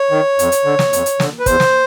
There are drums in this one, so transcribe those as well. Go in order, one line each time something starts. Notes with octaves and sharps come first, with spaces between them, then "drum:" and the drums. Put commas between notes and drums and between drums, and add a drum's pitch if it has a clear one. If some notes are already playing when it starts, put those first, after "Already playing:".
Already playing: C#5
D#3
F2, drum: hi-hat
drum: hi-hat
D3
drum: snare
F2, drum: hi-hat
drum: hi-hat
D3, drum: snare
B4
E2 C5, drum: kick, hi-hat
drum: snare